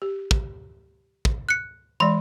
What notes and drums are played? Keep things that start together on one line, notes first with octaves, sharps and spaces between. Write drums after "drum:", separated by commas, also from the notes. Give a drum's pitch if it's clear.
G4
drum: kick
drum: kick
F#6 C#7
E3 G#3 D5 B5 C6